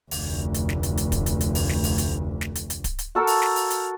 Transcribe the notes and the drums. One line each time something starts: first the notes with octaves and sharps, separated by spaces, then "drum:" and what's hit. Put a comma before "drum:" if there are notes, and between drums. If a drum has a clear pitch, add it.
F1 D2, drum: open hi-hat
drum: hi-hat
drum: snare
drum: hi-hat
drum: hi-hat
drum: kick D1, hi-hat
drum: hi-hat
drum: hi-hat
drum: open hi-hat
drum: snare
drum: open hi-hat
drum: hi-hat
drum: snare
drum: hi-hat
drum: hi-hat
drum: kick D1, hi-hat
drum: hi-hat
F#4 A4 A#4 E6
drum: open hi-hat
drum: snare
drum: open hi-hat
drum: hi-hat